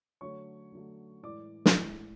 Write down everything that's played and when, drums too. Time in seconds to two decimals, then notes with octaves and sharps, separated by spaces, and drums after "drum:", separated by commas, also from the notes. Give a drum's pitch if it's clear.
0.21 D3 F#3 A3 C#5 C#6
0.72 D3 F#3 A3
1.23 A2 E3 G#3 D5 D6
1.66 drum: snare
1.75 A2 E3 G#3